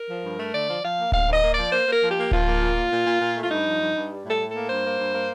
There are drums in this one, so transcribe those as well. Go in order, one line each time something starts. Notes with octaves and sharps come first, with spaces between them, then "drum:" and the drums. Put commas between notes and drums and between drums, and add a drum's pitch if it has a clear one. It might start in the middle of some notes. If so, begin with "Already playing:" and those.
Already playing: A#4
F3
G2
A3
D3 D5
F3
F3 F5
A#3
D2 F5, drum: kick D1
D2
D#5
A#3
D5
F3
A#3 C5
A#3
A#4
F3
G4
A#3
F3 F4, drum: kick D1
A#3
A#2
A#2
A#2
A#2
A#2
A3
F4
G2 D#4
F3
G2
G2
G3
A2 A4
A2
A4
A#3
G2 C5
A#3
G2
A#3